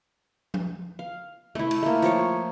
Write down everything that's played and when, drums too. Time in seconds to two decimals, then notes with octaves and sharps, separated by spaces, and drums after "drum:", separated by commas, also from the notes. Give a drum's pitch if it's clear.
0.54 drum: tom F3
0.99 F5
1.55 A3 E4, drum: tom
1.71 drum: cymbal
1.83 A3 A#3
2.02 F3 C#5, drum: hi-hat